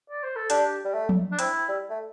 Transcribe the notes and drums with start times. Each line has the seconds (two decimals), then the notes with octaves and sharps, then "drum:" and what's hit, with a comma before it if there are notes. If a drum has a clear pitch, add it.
0.10 D5
0.23 C5
0.36 A4
0.50 D4 G4, drum: hi-hat
0.85 G3
0.94 A3
1.09 drum: tom F3
1.32 D4
1.39 C4 E4, drum: hi-hat
1.69 G3
1.90 A3